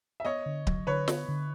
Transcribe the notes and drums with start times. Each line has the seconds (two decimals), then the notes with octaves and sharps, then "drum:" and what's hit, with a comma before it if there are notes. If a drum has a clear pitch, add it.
0.20 E5
0.25 B3 C#5 D#5
0.46 D3
0.67 F#3, drum: kick D1
0.87 D3 B4 C#5
1.08 B3, drum: snare
1.28 D3